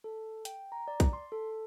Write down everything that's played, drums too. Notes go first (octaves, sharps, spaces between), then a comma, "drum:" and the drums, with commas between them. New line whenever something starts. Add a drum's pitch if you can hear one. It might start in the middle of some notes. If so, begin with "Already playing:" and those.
A4
G5, drum: hi-hat
A#5
D5
drum: kick, hi-hat
C6
A4